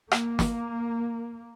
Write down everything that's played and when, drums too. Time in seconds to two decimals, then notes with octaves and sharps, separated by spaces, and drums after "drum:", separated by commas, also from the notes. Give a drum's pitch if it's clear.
0.11 A#3, drum: rim click
0.39 drum: snare